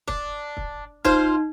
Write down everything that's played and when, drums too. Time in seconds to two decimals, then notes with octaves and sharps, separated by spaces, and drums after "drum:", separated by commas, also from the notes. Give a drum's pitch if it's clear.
0.08 D4, drum: kick
0.57 drum: kick
1.05 D#4 F4 C5, drum: kick